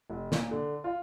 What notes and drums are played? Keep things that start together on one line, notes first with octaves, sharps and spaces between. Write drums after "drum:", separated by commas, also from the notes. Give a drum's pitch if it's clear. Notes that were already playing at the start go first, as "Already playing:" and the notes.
F1
A#2, drum: snare
D3
F4